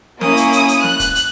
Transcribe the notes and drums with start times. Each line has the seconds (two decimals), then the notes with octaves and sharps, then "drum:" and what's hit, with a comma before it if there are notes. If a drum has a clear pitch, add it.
0.21 A#3 C#4 E4 D#6, drum: snare
0.37 drum: hi-hat
0.53 D#6, drum: hi-hat
0.68 drum: hi-hat
0.84 F#6, drum: snare
1.00 drum: kick, hi-hat
1.15 drum: hi-hat